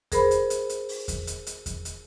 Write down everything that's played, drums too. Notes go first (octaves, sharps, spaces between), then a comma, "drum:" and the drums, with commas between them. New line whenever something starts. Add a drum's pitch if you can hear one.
G#4 A#4 C5 B5, drum: kick E2, hi-hat
drum: hi-hat
drum: hi-hat
drum: hi-hat
drum: open hi-hat
drum: kick E2, hi-hat
drum: hi-hat
drum: hi-hat
drum: kick E2, hi-hat
drum: hi-hat